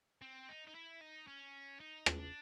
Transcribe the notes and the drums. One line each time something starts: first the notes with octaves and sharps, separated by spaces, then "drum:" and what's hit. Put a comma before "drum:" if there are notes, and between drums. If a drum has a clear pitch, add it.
C4
D#4
D#4
E4
D#4
C#4
D#4
D4, drum: rim click